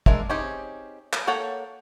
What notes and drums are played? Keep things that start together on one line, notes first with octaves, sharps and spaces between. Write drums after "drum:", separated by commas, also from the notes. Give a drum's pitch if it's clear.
G#3 D4 A#4 E5, drum: kick
C4 C#4 D#4 G4 G#4
drum: clap
A#3 A4 C#5 F#5 G5